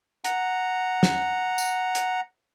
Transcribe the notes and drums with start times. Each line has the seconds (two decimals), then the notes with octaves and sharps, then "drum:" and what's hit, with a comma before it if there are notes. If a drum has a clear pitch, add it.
0.24 F#5 A#5, drum: hi-hat
1.03 drum: snare
1.58 drum: tambourine
1.95 drum: hi-hat